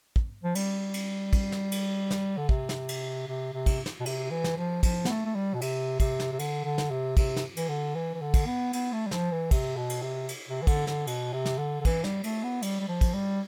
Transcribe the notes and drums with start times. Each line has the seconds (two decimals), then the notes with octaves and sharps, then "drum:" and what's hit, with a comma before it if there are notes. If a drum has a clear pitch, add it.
0.16 drum: kick
0.43 F3
0.55 G3, drum: cymbal
0.94 drum: cymbal
1.33 drum: kick, cymbal
1.52 drum: snare
1.72 drum: cymbal
2.11 drum: snare
2.37 D3
2.49 C3, drum: kick
2.69 drum: snare
2.88 drum: cymbal
3.28 C3
3.53 C3
3.66 drum: kick, cymbal
3.86 drum: snare
4.00 B2
4.06 C3, drum: cymbal
4.31 E3
4.44 drum: snare
4.58 F3
4.83 F3, drum: kick, cymbal
5.05 B3, drum: snare
5.09 A3
5.25 A3
5.35 G3
5.54 B2
5.61 C3, drum: cymbal
6.00 C3, drum: kick, cymbal
6.20 drum: snare
6.32 C3
6.39 D3, drum: cymbal
6.64 D3
6.78 drum: snare
6.90 C3
7.17 C3, drum: kick, cymbal
7.36 drum: snare
7.57 E3, drum: cymbal
7.69 D3
7.95 E3
8.14 E3
8.21 D3
8.34 drum: kick, cymbal
8.46 B3
8.73 B3, drum: cymbal
8.92 A3
9.06 G3
9.11 F3, drum: snare
9.32 E3
9.51 C3, drum: kick, cymbal
9.76 B2
9.90 drum: cymbal
10.02 C3
10.29 drum: cymbal
10.48 C3
10.62 E3
10.67 D3, drum: kick, cymbal
10.87 D3, drum: snare
11.07 B2, drum: cymbal
11.33 C3
11.45 drum: snare
11.58 D3
11.81 D3
11.85 E3, drum: kick, cymbal
12.04 G3, drum: snare
12.24 A3, drum: cymbal
12.43 B3
12.62 G3, drum: cymbal
12.80 G3
12.88 F3
13.01 drum: kick, cymbal
13.14 G3